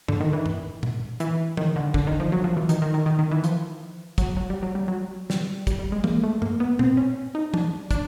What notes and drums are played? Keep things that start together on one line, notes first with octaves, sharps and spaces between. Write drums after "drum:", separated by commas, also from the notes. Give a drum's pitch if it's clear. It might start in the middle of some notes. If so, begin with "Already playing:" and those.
D3, drum: tom G2
D#3
E3
drum: tom G2
drum: tom A#2
E3, drum: hi-hat
D#3, drum: tom
D3
D3, drum: kick
D#3
F3
F#3
F3
E3
D#3, drum: hi-hat
D#3
D#3
D#3
D#3
E3
F3, drum: hi-hat
F#3, drum: kick, hi-hat
F#3
G3
F#3
G3
F#3
G3, drum: snare
G3, drum: kick, hi-hat
G3
G#3
A#3, drum: tom
A3
A#3, drum: tom G2
B3
C4, drum: tom A#2
C#4
D#4
D4, drum: tom
D4, drum: kick, hi-hat